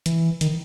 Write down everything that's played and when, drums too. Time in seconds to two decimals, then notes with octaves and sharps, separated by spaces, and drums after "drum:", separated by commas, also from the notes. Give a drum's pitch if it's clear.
0.06 E3, drum: hi-hat
0.41 D#3, drum: hi-hat